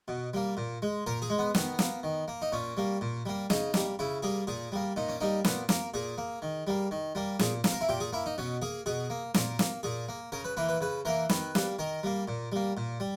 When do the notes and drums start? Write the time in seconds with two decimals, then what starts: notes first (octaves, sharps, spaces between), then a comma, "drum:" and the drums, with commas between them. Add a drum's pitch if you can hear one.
0.08 B2
0.34 G3 A#3
0.57 A#2
0.82 G#3
1.06 A#2 A#4
1.22 G#4
1.30 G#3
1.38 B3
1.55 D#3 B3, drum: snare
1.79 A#3, drum: snare
2.03 D#3
2.28 A#3
2.42 D#4
2.52 A#2 C#4
2.77 G3 A#3
3.01 A#2
3.26 G3 A#3
3.50 C#3 D#4, drum: snare
3.74 G3 A#3, drum: snare
3.99 C#3 E4
4.23 G3 A#3 G#4
4.47 A#2 G#4
4.72 G3 A#3
4.96 A#2 D#4
5.09 C#4
5.21 G3 A#3 D#4
5.44 A#2 B3, drum: snare
5.69 A#3 A#4, drum: snare
5.94 A#2 G#4
6.18 A#3
6.42 D#3
6.67 G3 A#3
6.91 D#3
7.15 G3 A#3
7.39 A#2 G#4, drum: snare
7.64 A#3, drum: snare
7.72 A#4
7.81 E4
7.89 A#2 G4
8.00 G#4
8.13 A#3 E4
8.26 D#4
8.38 B2 C#4
8.62 A#3 G#4
8.86 B2 G#4
9.10 A#3
9.34 A#2 A#4, drum: snare
9.59 A#3, drum: snare
9.83 A#2 G#4
10.09 A#3
10.32 C#3 A#4
10.44 B4
10.57 E3 A#3 B4
10.69 B4
10.81 C#3 B4
11.05 E3 A#3 A#4
11.29 D#3 B4, drum: snare
11.55 G3 A#3, drum: snare
11.79 D#3 A#4
12.03 G3 A#3
12.28 A#2
12.52 G3 A#3
12.77 A#2
13.00 G3